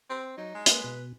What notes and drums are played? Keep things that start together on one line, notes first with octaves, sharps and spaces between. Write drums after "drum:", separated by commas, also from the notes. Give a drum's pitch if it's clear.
C4
F#3 D#4
G#3
A#3 B4, drum: hi-hat
B2